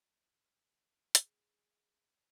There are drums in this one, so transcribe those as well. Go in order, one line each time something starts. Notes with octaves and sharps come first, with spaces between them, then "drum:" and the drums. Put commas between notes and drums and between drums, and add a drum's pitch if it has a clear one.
G#4, drum: hi-hat